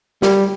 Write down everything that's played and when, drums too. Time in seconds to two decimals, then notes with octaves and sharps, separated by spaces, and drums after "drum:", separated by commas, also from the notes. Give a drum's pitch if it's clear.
0.22 G3, drum: snare